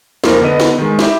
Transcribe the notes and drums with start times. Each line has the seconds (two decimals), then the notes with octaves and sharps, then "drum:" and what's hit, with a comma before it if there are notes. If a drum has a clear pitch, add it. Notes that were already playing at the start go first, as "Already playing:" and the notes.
0.24 F2 F3 A#3 F4 A#4, drum: snare
0.41 D3 B3 B4 D#5 D#7
0.60 drum: snare
0.78 D#3 G#3
0.99 E4 G4 E5, drum: snare